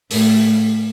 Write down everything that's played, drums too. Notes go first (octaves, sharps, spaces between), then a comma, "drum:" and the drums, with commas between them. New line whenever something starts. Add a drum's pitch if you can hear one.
A2, drum: open hi-hat